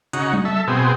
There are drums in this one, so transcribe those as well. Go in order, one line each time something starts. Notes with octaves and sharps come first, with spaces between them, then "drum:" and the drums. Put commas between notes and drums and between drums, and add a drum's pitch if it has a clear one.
C#3 D#4 F#4, drum: hi-hat
drum: tom F#3
A4 E5
B2 C4 G#4